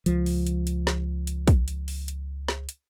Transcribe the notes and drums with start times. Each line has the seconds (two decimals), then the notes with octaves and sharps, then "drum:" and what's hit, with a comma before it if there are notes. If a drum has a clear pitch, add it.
0.06 C#2 F3, drum: hi-hat
0.26 drum: open hi-hat
0.47 drum: hi-hat
0.67 drum: hi-hat
0.87 drum: snare
1.27 drum: hi-hat
1.48 drum: kick, hi-hat
1.68 drum: hi-hat
1.88 drum: open hi-hat
2.08 drum: hi-hat
2.48 drum: snare
2.69 drum: hi-hat